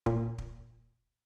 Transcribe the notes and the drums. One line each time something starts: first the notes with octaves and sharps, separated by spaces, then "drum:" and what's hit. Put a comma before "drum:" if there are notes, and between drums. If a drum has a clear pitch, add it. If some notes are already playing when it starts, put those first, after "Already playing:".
A#2, drum: kick
drum: kick